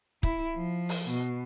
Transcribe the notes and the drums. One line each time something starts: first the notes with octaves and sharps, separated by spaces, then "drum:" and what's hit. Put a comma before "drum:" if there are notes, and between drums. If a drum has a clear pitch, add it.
E4, drum: kick
F3
drum: open hi-hat
B2